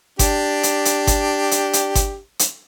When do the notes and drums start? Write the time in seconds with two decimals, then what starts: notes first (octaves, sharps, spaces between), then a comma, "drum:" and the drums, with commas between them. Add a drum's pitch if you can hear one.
0.19 D4 G4, drum: kick G1, hi-hat
0.63 drum: hi-hat
0.85 drum: hi-hat
1.07 drum: kick G1, hi-hat
1.51 drum: hi-hat
1.73 drum: hi-hat
1.95 drum: kick G1, hi-hat
2.39 drum: hi-hat